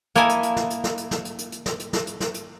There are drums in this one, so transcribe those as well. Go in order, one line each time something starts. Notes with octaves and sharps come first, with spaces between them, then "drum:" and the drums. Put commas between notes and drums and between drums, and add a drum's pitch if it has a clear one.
A#3 E4 A4 D#5 G#5, drum: hi-hat
drum: hi-hat
drum: hi-hat
drum: snare
drum: hi-hat
drum: snare
drum: hi-hat
drum: snare
drum: hi-hat
drum: hi-hat
drum: hi-hat
drum: snare
drum: hi-hat
drum: snare
drum: hi-hat
drum: snare
drum: hi-hat